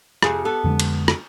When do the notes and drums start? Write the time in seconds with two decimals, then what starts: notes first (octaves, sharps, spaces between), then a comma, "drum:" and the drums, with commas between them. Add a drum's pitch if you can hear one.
0.23 F2 C3 G#4, drum: rim click
0.45 B3 A4
0.64 F2 D3 G#3
0.80 drum: cymbal
1.08 drum: rim click